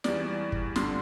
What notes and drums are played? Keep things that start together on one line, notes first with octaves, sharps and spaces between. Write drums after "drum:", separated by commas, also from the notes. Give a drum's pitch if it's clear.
E2 E3 G3 D5, drum: snare
drum: kick
G2 D3 G3 C6, drum: snare